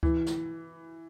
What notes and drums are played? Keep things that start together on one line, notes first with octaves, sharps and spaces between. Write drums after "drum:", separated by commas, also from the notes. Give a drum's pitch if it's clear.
E3, drum: kick C#2
drum: snare